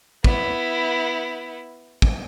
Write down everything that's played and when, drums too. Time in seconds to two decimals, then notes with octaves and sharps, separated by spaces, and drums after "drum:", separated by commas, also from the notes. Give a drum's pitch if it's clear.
0.24 B3 E4, drum: kick
2.02 drum: kick